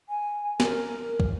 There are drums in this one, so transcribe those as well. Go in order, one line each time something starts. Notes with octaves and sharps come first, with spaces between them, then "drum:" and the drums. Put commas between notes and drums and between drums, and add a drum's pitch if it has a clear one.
G#5
A#4, drum: snare
drum: kick